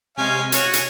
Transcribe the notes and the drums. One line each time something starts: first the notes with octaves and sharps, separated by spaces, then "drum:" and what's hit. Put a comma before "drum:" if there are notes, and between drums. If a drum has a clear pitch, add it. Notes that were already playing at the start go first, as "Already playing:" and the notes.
C3 G#3 C#4 F5 G#5
F#4 C#5 G#5, drum: hi-hat
drum: hi-hat